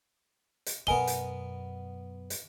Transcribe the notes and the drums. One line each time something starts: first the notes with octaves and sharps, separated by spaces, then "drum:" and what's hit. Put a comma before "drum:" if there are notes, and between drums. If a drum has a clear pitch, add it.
drum: hi-hat
F#2 B2 B3 A#4 D#5 G#5 G7
drum: hi-hat
drum: hi-hat